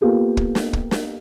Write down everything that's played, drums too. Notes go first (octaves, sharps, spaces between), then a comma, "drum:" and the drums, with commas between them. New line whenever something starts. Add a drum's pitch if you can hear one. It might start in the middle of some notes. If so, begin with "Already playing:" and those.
A#3 B3 F4 G4 A4
drum: kick
drum: snare
drum: kick
drum: snare